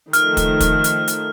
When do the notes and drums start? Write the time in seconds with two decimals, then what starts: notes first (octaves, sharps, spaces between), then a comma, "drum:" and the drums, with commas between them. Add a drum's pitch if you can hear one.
0.13 D#3 F3 A3 F6, drum: hi-hat
0.37 drum: kick, hi-hat
0.60 drum: kick, hi-hat
0.84 drum: hi-hat
1.08 drum: hi-hat